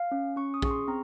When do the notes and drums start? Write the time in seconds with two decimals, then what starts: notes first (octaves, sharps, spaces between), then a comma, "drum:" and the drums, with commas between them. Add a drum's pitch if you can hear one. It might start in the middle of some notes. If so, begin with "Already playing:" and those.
Already playing: F5
0.11 C#4
0.36 C#4 C#6
0.54 D#6
0.62 G#4 C#6, drum: kick
0.71 C6
0.88 C4 A#5